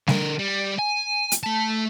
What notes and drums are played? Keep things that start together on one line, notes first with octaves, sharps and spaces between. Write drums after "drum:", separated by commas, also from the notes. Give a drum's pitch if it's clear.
D3 A#4, drum: snare G3
G3
G#5
drum: hi-hat
A3 A5